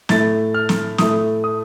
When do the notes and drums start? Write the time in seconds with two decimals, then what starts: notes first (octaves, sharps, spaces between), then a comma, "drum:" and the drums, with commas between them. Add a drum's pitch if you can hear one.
0.09 A2 A3 A6, drum: snare
0.54 F6
0.69 drum: snare
0.98 A2 A3 D#6, drum: snare
1.44 D#6